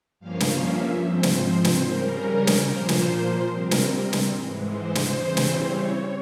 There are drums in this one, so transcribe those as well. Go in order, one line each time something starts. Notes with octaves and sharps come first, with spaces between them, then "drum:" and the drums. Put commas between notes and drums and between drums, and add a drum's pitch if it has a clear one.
G2 F3 A#3 C#4 F5
drum: snare
E5
G#2 F3 C4 C5
drum: snare
drum: snare
C#3 G3 C#4 A#4
drum: snare
A#2 F3 A#3 C5
drum: snare
C3 G3 C4 A#4
drum: snare
drum: snare
G#2 E3 G#3
C5
drum: snare
C#3 E3 G3 C4
drum: snare
C#5